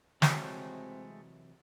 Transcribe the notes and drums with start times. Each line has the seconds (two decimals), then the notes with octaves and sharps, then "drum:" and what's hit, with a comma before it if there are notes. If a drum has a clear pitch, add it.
0.22 C3 E3 F#3 G#3 A3 C4, drum: snare